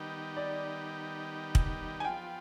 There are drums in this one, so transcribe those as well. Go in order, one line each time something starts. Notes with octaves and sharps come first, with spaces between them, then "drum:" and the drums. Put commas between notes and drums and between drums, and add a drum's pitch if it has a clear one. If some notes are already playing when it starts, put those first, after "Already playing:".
Already playing: D#3 G3 B3 D#4 G4
D5
drum: kick
G#5
F3 B3 F4 G5